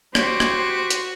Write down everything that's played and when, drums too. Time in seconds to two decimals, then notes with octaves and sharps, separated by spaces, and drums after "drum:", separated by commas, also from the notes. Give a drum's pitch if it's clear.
0.15 F#4 G4 C5, drum: rim click
0.40 drum: rim click
0.90 drum: hi-hat